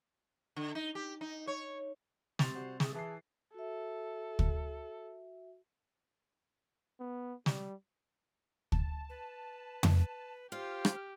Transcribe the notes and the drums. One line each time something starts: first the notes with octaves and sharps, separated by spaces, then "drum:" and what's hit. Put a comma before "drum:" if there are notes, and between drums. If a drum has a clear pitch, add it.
D3
D#4
G4
D#4
C#5
C3 C6 A6 F7, drum: snare
G3 F#4 C5
G#4 E5, drum: snare
E3 G#4 A5 C7
F#4 A4 E5
drum: kick
B3
G3, drum: snare
A5, drum: kick
B4
drum: tom F2
F4 G4 C5 F6
drum: rim click